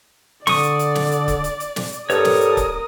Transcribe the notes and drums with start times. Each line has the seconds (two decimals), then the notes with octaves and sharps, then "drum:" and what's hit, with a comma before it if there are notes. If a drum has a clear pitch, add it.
0.47 D3 D5 C#6 D#6, drum: snare
0.63 drum: hi-hat
0.79 drum: hi-hat
0.95 drum: snare
1.12 drum: hi-hat
1.28 drum: kick C#1, hi-hat
1.44 drum: hi-hat
1.60 drum: hi-hat
1.76 drum: snare
1.92 drum: hi-hat
2.10 G2 A4 A#4 C#5 D#6, drum: hi-hat
2.25 drum: snare
2.41 drum: hi-hat
2.57 drum: kick C#1, hi-hat